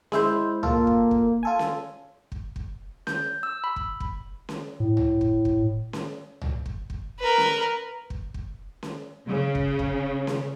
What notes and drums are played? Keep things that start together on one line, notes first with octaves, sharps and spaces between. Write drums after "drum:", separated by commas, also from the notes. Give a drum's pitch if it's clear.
G#3 E4 C5, drum: snare C#4
A#3 F4 A4, drum: tom C2
drum: kick
drum: kick
F4 A4 G#5
drum: snare C#4
drum: kick
drum: kick
G6, drum: snare C#4
E6
B5
drum: kick
drum: kick
drum: snare C#4
A2
drum: tom C2
drum: kick
drum: kick
drum: snare C#4
drum: tom C2
drum: kick
drum: kick
A#4 B4
drum: snare C#4
drum: kick
drum: kick
drum: snare C#4
C#3
drum: kick
drum: kick
drum: snare C#4